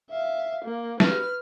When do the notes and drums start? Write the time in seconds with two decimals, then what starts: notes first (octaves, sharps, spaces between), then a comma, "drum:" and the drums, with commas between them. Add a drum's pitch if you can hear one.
0.10 E5 F5
0.65 A#3
1.00 B4 F6, drum: snare